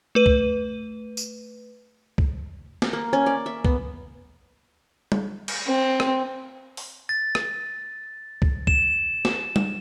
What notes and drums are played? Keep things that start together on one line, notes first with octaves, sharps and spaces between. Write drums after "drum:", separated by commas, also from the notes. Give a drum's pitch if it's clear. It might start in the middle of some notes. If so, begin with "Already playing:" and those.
A3 B4 D#7
drum: kick C2
drum: tambourine
drum: kick C2
drum: snare
A#3
C#4
D5
E5
B3, drum: kick C2
drum: tom G3
drum: cymbal
C4
drum: rim click
drum: open hi-hat
A6
drum: rim click
drum: kick C2
E7, drum: kick C2
drum: snare
drum: tom G3